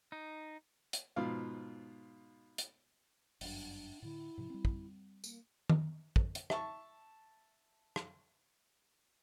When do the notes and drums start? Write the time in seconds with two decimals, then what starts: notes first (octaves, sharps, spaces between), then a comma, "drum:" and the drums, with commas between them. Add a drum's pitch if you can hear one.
0.12 D#4
0.93 drum: hi-hat
1.16 G#2 B2 F3 F4 F5
2.58 drum: hi-hat
3.41 G1 F#2 D4, drum: open hi-hat
4.02 A2 D3 E4
4.37 G#2 C3 F3
4.50 G3 C4
4.65 drum: kick
5.24 A#3, drum: tambourine
5.70 drum: tom D#3
6.16 drum: kick
6.35 drum: hi-hat
6.50 E5 A5 C#6, drum: rim click
7.96 drum: rim click